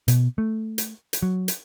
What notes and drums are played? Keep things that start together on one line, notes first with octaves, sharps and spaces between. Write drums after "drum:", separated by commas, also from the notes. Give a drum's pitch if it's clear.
B2, drum: hi-hat
A3
drum: hi-hat
drum: hi-hat
F#3
drum: hi-hat